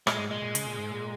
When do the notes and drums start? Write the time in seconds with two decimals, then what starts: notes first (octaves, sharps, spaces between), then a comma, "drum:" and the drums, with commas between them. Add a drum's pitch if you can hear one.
0.07 A#2 G#3, drum: rim click
0.19 G#2
0.30 A#2 G#3
0.42 A#2
0.55 C#3, drum: hi-hat
0.67 A#2
0.79 G#2
0.91 A#2